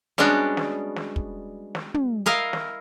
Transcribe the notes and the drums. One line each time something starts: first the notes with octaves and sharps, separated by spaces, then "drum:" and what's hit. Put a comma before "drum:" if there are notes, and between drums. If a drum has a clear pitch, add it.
G3 G#3 B3 C#4 D4 F#4, drum: snare
drum: snare
drum: snare
drum: kick
drum: snare
drum: tom
E4 A#4 D#5 F5
drum: snare